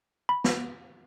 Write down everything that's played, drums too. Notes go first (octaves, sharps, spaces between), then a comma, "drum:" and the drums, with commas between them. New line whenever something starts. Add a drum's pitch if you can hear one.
B5
drum: snare